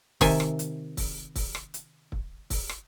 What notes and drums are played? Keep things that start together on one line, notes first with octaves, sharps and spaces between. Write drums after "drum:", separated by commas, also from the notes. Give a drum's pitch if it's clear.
C3 D#3 E5 G#5 A5, drum: kick, open hi-hat
drum: rim click
drum: hi-hat
drum: kick, open hi-hat
drum: kick, open hi-hat
drum: rim click
drum: hi-hat
drum: kick
drum: kick, open hi-hat
drum: rim click